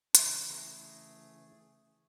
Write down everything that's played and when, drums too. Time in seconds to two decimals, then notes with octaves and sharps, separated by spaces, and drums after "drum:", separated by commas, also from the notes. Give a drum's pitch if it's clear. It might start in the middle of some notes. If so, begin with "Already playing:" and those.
0.15 C#3 E3 D4 B4, drum: hi-hat
0.50 A3 G#4 A#5